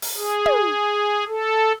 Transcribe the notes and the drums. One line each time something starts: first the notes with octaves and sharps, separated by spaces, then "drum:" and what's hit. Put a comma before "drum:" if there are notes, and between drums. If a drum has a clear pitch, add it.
drum: open hi-hat
G#4
drum: tom
A4